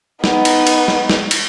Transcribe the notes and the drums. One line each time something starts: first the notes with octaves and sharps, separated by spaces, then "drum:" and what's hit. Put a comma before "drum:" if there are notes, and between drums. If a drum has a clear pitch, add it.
B3 D#4, drum: snare
drum: cymbal
drum: cymbal
drum: snare
drum: snare
drum: cymbal